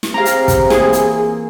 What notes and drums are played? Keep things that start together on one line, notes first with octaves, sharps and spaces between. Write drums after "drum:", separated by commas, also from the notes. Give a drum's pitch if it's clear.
drum: snare
C4 G4 G#4 F5 A#5
drum: hi-hat
drum: kick, hi-hat
A#2 E3 G#4, drum: snare
drum: hi-hat